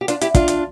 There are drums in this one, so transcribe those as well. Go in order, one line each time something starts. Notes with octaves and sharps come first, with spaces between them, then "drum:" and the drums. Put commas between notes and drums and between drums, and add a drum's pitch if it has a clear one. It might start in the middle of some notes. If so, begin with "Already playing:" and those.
G4
D4 F4, drum: hi-hat
E4 G4, drum: hi-hat
D4 F4, drum: kick, hi-hat
drum: hi-hat